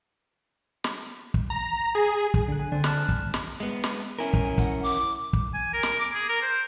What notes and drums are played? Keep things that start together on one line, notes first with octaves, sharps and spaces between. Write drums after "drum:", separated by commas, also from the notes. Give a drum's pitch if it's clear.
drum: snare
drum: kick
A#5
G#4
drum: kick
D3 F#6
G#5
D3 C4 D5
A5 F6 F#6, drum: snare
drum: kick
G#1
drum: snare
G#3 B3
drum: snare
C#4 E4 A#4 G#5
drum: kick
F#5, drum: kick
D6
drum: kick
G#5
A#4
drum: snare
D6
G#4
A#4
C5